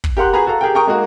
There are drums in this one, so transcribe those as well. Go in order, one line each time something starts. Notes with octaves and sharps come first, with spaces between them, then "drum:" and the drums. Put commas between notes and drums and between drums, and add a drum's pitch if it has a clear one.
drum: kick
G4 A#4 F#5 C6 F#6
F#4 G#4 B4 G#5 A#5 B5
F#4 A4 F5 A#5
G4 G#4 A#4 G5
A#4 G5 A#5 C#6 D#6
G#3 A#3 D#4 F#4